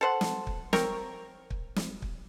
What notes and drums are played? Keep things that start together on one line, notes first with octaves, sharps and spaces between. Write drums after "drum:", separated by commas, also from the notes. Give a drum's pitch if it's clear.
A4 C5 F#5
drum: snare
drum: kick
C4 A#4 C#5, drum: snare
drum: kick
drum: snare
drum: kick